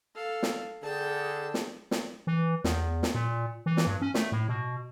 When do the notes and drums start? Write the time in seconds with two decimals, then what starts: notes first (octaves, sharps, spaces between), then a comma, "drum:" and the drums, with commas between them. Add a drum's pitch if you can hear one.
0.15 A4 F5
0.43 drum: snare
0.83 D3 G#4 G5 A5
1.54 drum: snare
1.91 drum: snare
2.27 E3
2.64 E2, drum: snare
3.03 drum: snare
3.15 A#2
3.66 E3
3.77 drum: snare
3.87 G2
4.02 C#4
4.14 A3, drum: snare
4.32 A2
4.49 B2